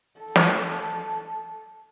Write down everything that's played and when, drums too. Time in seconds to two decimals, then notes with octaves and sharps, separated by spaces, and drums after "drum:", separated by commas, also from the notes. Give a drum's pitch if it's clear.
0.20 A4
0.36 drum: snare